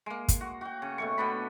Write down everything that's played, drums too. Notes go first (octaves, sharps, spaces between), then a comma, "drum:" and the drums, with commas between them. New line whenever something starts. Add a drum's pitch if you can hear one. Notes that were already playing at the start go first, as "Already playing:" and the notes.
G#3 A#3
drum: kick, hi-hat
F#4
F#4 G5
C#3
B2 A3 C#6
B2 B3 D4 B5